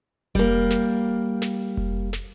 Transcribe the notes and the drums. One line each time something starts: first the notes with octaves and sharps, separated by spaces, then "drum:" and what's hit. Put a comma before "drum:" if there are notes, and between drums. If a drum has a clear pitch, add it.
G3 A#3, drum: kick F1
drum: snare
drum: snare
drum: kick F1
drum: snare